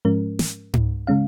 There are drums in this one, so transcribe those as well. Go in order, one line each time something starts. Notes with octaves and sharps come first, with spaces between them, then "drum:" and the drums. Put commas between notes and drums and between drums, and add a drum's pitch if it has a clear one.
G#2 F3 G#3 C#4 A#4
drum: snare
drum: tom G#2
C#3 G#3 C#4 F5